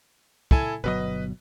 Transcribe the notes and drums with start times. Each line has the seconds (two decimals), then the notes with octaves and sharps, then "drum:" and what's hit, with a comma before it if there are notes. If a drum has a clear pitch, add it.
0.51 E4 A4 G#5, drum: kick
0.84 G1 B2 F#3 B4 D#5